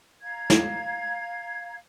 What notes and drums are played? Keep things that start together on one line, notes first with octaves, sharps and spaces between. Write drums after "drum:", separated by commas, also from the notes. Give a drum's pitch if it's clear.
F5 A#5 G#6
drum: snare